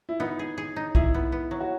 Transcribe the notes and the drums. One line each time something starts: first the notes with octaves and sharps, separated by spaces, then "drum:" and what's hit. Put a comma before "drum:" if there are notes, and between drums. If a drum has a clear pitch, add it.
E4
B3 D#4
G#4
G#4
D#4
E4 G#4, drum: kick B1
B3
B3
F#3
F#4